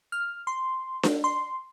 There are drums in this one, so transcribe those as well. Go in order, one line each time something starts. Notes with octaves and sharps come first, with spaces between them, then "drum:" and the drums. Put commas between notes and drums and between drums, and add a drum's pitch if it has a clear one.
F6
C6
drum: snare D4
C6